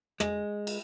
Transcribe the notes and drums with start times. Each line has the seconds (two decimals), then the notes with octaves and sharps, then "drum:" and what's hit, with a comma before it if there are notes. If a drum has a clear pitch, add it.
0.20 G#3, drum: rim click
0.67 drum: cymbal